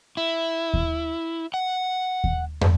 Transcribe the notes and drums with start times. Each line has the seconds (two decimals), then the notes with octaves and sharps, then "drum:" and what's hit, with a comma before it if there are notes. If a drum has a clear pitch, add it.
0.17 E4
0.74 drum: kick D#2
1.54 F#5
2.24 drum: kick D#2
2.61 drum: tom